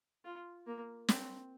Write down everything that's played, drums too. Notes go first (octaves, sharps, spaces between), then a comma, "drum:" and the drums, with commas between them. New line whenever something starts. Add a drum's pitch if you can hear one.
F4
A#3
C4, drum: snare